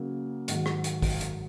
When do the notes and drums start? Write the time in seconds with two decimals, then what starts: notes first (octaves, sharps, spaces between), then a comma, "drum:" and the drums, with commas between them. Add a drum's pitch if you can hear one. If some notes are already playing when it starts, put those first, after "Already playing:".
Already playing: C#3 F#3 A#3
0.48 G#2 D#3 F#3, drum: hi-hat
0.66 drum: rim click
0.84 drum: hi-hat
1.02 drum: kick, open hi-hat
1.21 drum: hi-hat